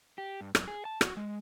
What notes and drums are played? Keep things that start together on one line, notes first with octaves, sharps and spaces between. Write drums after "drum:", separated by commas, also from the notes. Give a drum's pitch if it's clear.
G4
G2
F#2, drum: rim click
G#4
A5
F#4, drum: rim click
G#3